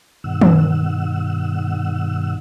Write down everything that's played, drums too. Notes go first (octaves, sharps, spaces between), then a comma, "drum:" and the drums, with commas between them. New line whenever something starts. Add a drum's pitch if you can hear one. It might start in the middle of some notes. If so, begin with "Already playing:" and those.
G2 B2 D#3 F#5 E6
drum: tom D#3